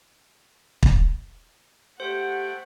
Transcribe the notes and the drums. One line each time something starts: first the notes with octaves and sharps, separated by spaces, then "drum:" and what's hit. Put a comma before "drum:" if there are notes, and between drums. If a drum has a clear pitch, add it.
drum: kick
A3 G4 C5 F#5 G5